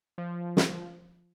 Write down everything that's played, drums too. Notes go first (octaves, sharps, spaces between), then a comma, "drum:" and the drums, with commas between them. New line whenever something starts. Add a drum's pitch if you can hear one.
F3
drum: snare